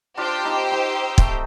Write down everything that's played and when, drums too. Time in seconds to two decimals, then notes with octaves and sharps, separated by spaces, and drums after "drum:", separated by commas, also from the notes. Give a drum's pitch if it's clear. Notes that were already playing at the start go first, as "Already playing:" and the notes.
0.17 D4 F4 G4 C5 G5
0.45 C4 D#4
0.71 C4 D#4
1.18 A3 C4, drum: kick